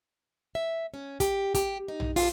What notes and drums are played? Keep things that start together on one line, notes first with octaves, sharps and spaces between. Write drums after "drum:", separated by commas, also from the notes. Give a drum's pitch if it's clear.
E5
C#4
G4, drum: kick, hi-hat
G4, drum: kick, hi-hat
D#4
drum: tom A#1
F4, drum: open hi-hat